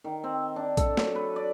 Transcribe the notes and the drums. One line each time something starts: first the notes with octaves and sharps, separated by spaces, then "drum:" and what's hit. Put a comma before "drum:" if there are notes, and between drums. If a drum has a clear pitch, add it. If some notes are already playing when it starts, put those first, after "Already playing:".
D#3
C4
D4
A4, drum: kick A#1, hi-hat
F#3, drum: snare
B4
D5